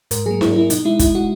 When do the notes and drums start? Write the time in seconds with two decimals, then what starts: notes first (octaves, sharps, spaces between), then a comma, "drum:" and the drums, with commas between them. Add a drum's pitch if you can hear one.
0.11 G#2 A#4, drum: hi-hat
0.26 F#3 A#3 G#4
0.41 G#2 E4, drum: snare D4
0.56 F#3 A#3 E4
0.70 B2 D#4, drum: hi-hat
0.85 G#3 E4
0.99 B2 E4, drum: kick, hi-hat
1.15 G#3 F#4